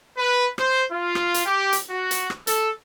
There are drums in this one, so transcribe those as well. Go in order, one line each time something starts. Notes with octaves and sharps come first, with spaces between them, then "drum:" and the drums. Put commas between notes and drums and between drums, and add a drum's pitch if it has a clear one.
B4
C5, drum: rim click
F4
drum: rim click
drum: hi-hat
G4
drum: hi-hat
F#4
drum: hi-hat
drum: rim click
A4, drum: hi-hat